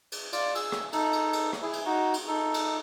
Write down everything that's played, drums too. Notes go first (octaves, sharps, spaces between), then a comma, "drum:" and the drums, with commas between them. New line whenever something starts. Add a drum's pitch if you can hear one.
drum: cymbal
F4 D5, drum: cymbal
G#4 E6, drum: cymbal
drum: rim click
D#4 A4, drum: cymbal
drum: cymbal
drum: cymbal
drum: rim click
E4 G#4
drum: cymbal
D#4 F#4
drum: cymbal
D#4 A4
drum: cymbal